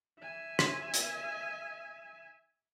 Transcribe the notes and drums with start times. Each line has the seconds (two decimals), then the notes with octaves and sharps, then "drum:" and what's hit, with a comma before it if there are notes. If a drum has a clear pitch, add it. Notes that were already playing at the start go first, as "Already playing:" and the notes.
0.20 E5 G#5
0.59 drum: rim click
0.94 drum: hi-hat